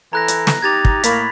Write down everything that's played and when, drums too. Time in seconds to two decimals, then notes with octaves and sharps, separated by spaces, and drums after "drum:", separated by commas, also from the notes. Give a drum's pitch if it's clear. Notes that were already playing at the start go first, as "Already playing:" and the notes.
0.13 E3 A4 A#5 F#6 A#6
0.28 drum: hi-hat
0.47 drum: snare
0.62 D#4 G4 G#6 A6 F7
0.85 drum: kick
1.03 A2 A#3 B5 B6, drum: hi-hat